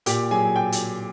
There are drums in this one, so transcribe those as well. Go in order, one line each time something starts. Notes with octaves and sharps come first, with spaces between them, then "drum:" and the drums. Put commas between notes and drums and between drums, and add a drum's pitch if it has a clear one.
A#2 G4 G5, drum: hi-hat
F#3 G#4 G#5
G5
drum: hi-hat